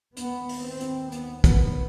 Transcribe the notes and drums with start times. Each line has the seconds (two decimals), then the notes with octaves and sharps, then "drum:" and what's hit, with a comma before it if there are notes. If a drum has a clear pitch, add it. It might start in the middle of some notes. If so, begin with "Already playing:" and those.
0.17 D#2 B3, drum: hi-hat
0.49 drum: open hi-hat
0.65 C4
0.81 drum: hi-hat
1.12 B3, drum: hi-hat
1.44 B3, drum: kick, hi-hat